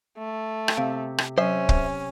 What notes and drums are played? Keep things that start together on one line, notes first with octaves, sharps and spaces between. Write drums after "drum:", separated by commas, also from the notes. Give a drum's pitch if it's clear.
A3
drum: rim click
C3 F5
drum: rim click
F#3 C#4 C5 E5
drum: kick